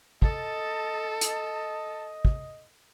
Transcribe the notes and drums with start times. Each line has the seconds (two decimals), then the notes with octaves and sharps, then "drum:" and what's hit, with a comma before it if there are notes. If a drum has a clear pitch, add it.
0.22 A4 D#5 A5, drum: kick
1.21 drum: hi-hat
2.25 drum: kick